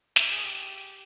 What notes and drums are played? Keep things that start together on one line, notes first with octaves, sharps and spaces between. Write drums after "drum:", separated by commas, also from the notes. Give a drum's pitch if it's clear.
drum: snare
G#4
G4